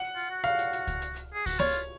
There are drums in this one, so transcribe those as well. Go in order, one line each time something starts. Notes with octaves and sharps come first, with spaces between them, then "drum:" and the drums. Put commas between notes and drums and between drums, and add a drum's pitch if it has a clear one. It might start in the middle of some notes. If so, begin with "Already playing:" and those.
Already playing: F#5
F4
F#4
F5, drum: hi-hat
drum: hi-hat
drum: hi-hat
drum: kick C#2, hi-hat
drum: hi-hat
drum: hi-hat
G#4
F#4, drum: kick C#2, open hi-hat
F4 C#5, drum: snare
drum: hi-hat